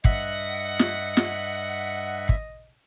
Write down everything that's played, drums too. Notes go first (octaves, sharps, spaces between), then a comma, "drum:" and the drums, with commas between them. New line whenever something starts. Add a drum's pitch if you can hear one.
G2 D#5 E5 F#5 B6, drum: kick
drum: snare
drum: snare
drum: kick